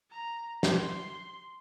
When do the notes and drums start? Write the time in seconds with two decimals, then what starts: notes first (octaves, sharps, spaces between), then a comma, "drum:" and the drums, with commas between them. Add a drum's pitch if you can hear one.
0.11 A#5
0.63 C6, drum: snare